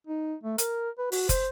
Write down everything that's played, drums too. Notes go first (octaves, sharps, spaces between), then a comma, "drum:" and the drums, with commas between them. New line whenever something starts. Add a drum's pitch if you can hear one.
D#4
A3
A#4, drum: hi-hat
B4
F#4, drum: open hi-hat
C5, drum: kick, hi-hat